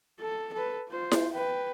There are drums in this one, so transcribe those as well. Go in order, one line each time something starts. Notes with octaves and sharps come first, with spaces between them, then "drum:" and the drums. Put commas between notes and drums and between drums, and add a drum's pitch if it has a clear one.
A4
A4 B4
F4 C5
drum: snare E4
B4 G5